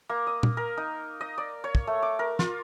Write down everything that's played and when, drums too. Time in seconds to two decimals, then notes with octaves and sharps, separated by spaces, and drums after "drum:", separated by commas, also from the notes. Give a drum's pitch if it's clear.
0.09 A#3
0.27 D#5
0.43 drum: tom
0.57 A#4
0.77 D#4
1.21 D#5
1.38 D5
1.64 C#5
1.75 drum: kick
1.87 A3
2.02 D6
2.19 A#4
2.39 F4, drum: snare